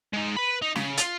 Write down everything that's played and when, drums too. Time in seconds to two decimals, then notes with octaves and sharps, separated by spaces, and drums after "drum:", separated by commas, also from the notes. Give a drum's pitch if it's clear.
0.13 G#3 D#4
0.36 B4 B5
0.62 D#4
0.75 C#3, drum: snare
0.97 F4, drum: hi-hat